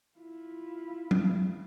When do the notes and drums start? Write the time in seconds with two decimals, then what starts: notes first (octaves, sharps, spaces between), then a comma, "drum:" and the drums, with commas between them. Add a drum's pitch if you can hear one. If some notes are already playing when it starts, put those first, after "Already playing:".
0.18 E4 F4
1.11 drum: tom F#3